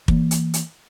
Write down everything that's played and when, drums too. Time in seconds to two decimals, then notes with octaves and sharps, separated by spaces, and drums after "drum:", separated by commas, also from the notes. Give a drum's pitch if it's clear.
0.08 E3 A#3, drum: kick
0.31 drum: hi-hat
0.54 drum: hi-hat